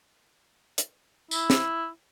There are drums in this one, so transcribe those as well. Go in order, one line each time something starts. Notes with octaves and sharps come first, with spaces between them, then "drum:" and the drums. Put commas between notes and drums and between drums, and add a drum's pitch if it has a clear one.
drum: hi-hat
E4, drum: tambourine
drum: snare